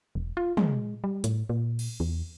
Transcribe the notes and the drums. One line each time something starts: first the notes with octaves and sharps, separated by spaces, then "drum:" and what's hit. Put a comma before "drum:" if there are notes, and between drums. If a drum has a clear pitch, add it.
E1
F4
G#3, drum: tom
G3
A2, drum: hi-hat
A#2
drum: cymbal
E2